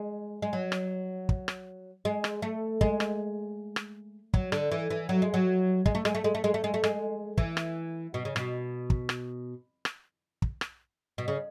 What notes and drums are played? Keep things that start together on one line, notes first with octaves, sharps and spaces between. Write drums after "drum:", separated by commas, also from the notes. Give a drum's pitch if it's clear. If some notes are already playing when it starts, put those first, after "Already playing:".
Already playing: G#3
G#3
F#3
drum: rim click
drum: kick
drum: rim click
G#3
drum: rim click
A3
G#3, drum: kick
drum: rim click
drum: rim click
F#3, drum: kick
D3, drum: rim click
E3
E3
F#3
G#3
F#3
G#3, drum: kick
A3
G#3, drum: rim click
A3
G#3
A3
G#3
A3
G#3
A3
G#3, drum: rim click
E3, drum: kick
drum: rim click
B2
C#3
B2, drum: rim click
drum: kick
drum: rim click
drum: rim click
drum: kick
drum: rim click
B2
C#3